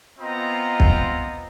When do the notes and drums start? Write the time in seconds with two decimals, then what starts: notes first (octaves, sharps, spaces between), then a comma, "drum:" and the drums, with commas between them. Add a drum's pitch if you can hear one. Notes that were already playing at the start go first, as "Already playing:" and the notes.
0.19 B3 C4 F4 D#5 A#5
0.80 drum: kick